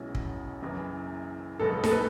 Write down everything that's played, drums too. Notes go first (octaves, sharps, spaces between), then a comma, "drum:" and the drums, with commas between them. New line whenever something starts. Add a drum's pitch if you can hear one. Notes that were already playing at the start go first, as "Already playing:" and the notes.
Already playing: B1 B2 G#3 C#4 E4
drum: kick
F#1 F#2 E3 B3 E4
B1 B2 G#3 B3 A4
A4, drum: snare D#4
B4